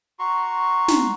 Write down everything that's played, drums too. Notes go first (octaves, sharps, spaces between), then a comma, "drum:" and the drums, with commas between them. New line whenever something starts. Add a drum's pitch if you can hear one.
F#4 A#5 C6 C#6
drum: snare